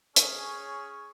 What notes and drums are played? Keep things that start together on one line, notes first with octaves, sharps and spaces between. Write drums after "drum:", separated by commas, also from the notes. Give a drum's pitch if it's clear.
C#4 G#4 C#5, drum: hi-hat